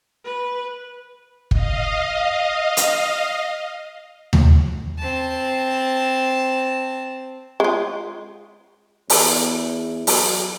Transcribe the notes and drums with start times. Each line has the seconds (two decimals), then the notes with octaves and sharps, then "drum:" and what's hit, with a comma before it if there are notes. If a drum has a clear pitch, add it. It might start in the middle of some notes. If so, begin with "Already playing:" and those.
0.25 B4
1.51 D#5 F5, drum: kick
2.77 drum: hi-hat
4.33 drum: tom D#2
4.99 C4 A5
7.60 G#3 F4
9.10 E2, drum: open hi-hat
10.07 F#3, drum: open hi-hat